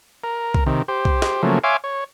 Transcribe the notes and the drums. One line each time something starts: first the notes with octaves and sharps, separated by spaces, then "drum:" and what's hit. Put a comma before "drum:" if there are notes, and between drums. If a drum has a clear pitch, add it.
A#4
drum: kick
C3 D#3
G4 C5
drum: kick
drum: snare
C#3 F3 F#3 A3 A#3
C#5 E5 F5 G#5 C6 D6
C#5